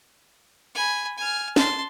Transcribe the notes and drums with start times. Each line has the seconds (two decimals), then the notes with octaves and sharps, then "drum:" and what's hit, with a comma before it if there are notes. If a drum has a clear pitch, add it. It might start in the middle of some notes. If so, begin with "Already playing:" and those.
0.75 G#5 B5
1.18 G#5 F6
1.56 A5 C6, drum: snare